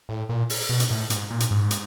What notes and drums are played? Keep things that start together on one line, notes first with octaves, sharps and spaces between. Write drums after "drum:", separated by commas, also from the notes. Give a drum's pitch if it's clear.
A2
A#2
drum: open hi-hat
B2
drum: hi-hat
A2
G#2, drum: hi-hat
A#2
drum: hi-hat
G#2
drum: hi-hat